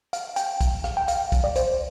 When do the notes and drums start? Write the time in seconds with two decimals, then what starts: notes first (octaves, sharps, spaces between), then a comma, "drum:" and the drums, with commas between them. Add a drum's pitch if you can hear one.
0.13 F5, drum: hi-hat
0.36 G5, drum: hi-hat
0.61 drum: kick B1, hi-hat
0.84 F5, drum: rim click
0.97 G5
1.08 F5, drum: hi-hat
1.32 drum: kick B1, hi-hat
1.44 D5
1.56 C5, drum: hi-hat